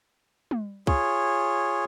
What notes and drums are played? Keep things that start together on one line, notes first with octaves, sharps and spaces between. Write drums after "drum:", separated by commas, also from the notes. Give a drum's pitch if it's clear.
drum: tom
F4 G#4 C#5, drum: kick